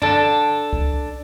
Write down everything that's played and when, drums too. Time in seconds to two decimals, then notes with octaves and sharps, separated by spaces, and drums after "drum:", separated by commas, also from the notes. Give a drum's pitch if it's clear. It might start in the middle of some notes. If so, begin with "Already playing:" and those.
0.02 D4 A4, drum: tom
0.73 drum: kick C#2